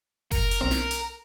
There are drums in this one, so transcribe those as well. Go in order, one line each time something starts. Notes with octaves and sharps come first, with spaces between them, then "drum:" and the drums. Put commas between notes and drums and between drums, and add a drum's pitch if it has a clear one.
A#4, drum: kick F#1, open hi-hat
drum: hi-hat
B1 C4
drum: snare
drum: hi-hat